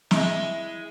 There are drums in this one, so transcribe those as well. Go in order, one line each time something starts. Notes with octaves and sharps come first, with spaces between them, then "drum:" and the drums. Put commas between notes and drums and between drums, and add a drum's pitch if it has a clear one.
G#3 E4, drum: snare